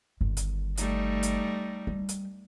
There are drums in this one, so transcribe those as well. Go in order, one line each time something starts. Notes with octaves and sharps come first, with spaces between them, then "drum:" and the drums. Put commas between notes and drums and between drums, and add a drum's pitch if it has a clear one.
G1 D#3
drum: hi-hat
G3 A3 D#4, drum: hi-hat
drum: hi-hat
G3
drum: hi-hat